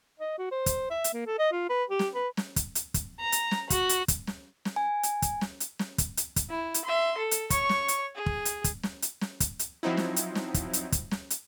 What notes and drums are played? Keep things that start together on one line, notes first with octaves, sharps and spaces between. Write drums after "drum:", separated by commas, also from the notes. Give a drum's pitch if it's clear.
D#5
F#4
C5
drum: kick, hi-hat
E5
drum: hi-hat
A#3
A4
D#5
F4
B4
G4
drum: snare
B4
drum: snare
drum: kick, hi-hat
drum: hi-hat
drum: kick, hi-hat
A#5
drum: hi-hat
drum: snare
F#4, drum: kick, hi-hat
drum: hi-hat
drum: kick, hi-hat
drum: snare
drum: snare
G#5
drum: hi-hat
drum: kick, hi-hat
drum: snare
drum: hi-hat
drum: snare
drum: kick, hi-hat
drum: hi-hat
drum: kick, hi-hat
E4
drum: hi-hat
E5 C6
A4
drum: hi-hat
C#5 C#6, drum: kick, hi-hat
drum: snare
drum: hi-hat
G#4
drum: kick
drum: hi-hat
drum: kick, hi-hat
drum: snare
drum: hi-hat
drum: snare
drum: kick, hi-hat
drum: hi-hat
F3 F#3 C4 D#4 E4
drum: snare
drum: hi-hat
drum: snare
drum: kick, hi-hat
drum: hi-hat
drum: kick, hi-hat
drum: snare
drum: hi-hat